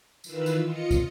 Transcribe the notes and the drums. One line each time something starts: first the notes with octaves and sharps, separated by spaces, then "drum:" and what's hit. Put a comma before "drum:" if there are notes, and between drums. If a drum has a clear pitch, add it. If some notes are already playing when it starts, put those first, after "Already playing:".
D#3 E3 F4 B4 E6, drum: tambourine
drum: tambourine
F4 D#5 C#7
drum: kick, tambourine